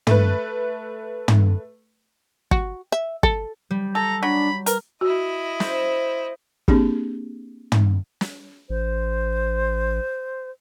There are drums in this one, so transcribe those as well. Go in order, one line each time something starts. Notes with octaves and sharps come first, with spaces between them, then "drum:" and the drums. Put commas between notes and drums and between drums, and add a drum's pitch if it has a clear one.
A3 B4, drum: tom
drum: tom
F#4, drum: kick
E5
A4, drum: kick
G3
A4 A#5
F#3 D4 B5
A#4 B4, drum: hi-hat
E4 F#4 D#5
C5, drum: snare
A#3 C4 D4 G4 G#4, drum: kick
drum: tom
drum: snare
A1 C5